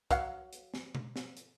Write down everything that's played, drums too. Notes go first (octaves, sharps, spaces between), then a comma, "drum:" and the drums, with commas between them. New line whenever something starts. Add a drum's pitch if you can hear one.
F#3 F5 F#5, drum: kick, hi-hat
drum: hi-hat
drum: snare
drum: tom B2
drum: snare
drum: hi-hat